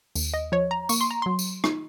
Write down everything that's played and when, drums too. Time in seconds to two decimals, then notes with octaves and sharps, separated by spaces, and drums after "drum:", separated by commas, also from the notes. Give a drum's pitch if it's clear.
0.15 D#2, drum: tambourine
0.34 D#5
0.52 F3 C#5
0.71 A#5
0.89 A#3 C#6, drum: tambourine
1.01 C6
1.11 A#5
1.22 F#3 C6
1.39 drum: tambourine
1.64 D#4, drum: rim click